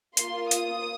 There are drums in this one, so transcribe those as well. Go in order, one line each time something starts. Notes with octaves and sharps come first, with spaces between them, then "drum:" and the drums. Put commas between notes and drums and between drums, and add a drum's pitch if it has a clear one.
A#3 F4 C6, drum: hi-hat
D#6, drum: hi-hat